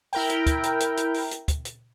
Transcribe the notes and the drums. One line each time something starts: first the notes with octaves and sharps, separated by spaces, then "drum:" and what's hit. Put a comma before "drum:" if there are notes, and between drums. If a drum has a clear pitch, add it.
E4 A#4 G5, drum: open hi-hat
drum: hi-hat
drum: kick, hi-hat
drum: hi-hat
drum: hi-hat
drum: hi-hat
drum: open hi-hat
drum: hi-hat
drum: kick, hi-hat
drum: hi-hat